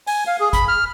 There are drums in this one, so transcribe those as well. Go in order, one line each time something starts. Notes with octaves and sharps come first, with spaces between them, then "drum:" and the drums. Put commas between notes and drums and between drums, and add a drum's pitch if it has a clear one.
G#5, drum: open hi-hat
F5
G#4
B5, drum: kick G#1, hi-hat
F6